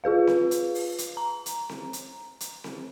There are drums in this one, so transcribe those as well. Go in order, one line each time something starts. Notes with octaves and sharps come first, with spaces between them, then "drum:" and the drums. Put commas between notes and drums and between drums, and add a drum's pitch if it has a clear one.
F4 G#4 B4 F5
drum: snare C4
drum: hi-hat
drum: open hi-hat
drum: hi-hat
A#5
drum: hi-hat
drum: snare C4
drum: hi-hat
drum: hi-hat
drum: snare C4